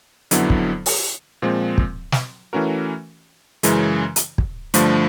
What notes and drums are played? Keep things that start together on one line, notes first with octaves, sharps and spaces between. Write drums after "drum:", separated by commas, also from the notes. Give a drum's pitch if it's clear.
F2 D3 F#3 B3 E4, drum: hi-hat
drum: kick
drum: open hi-hat
A#2 F3 G#3 C4
drum: kick
drum: snare
E3 A3 C#4 F#4 A#4
F#2 C#3 E3 G#3, drum: hi-hat
drum: hi-hat
drum: kick
G2 D3 F3 A3, drum: hi-hat